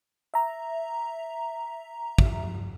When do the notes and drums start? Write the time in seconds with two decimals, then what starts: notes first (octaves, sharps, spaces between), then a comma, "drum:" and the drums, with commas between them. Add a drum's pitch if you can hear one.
0.34 E5 A#5
2.18 drum: kick